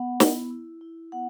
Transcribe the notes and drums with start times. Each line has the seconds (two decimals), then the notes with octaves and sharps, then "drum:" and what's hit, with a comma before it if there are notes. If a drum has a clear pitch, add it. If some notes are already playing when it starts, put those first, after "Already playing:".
Already playing: B3 F#5
0.20 E4, drum: snare
0.50 E4
0.81 E4
1.12 B3 F#5